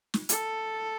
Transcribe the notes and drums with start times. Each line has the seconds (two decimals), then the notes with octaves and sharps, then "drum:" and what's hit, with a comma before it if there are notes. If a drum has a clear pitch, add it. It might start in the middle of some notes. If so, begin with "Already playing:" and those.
0.14 drum: snare
0.29 A4, drum: hi-hat